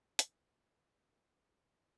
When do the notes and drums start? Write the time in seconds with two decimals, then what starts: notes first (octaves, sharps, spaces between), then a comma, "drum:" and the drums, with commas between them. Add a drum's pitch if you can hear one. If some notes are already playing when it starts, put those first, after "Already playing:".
0.19 D3 B3 B4 G#5, drum: hi-hat